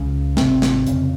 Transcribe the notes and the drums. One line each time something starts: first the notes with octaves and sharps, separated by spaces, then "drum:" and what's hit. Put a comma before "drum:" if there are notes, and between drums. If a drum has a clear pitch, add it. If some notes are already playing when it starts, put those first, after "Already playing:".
Already playing: C#2 C#3
G#1 G#2 C3 C4, drum: snare
drum: snare
F1 F2 C#3, drum: hi-hat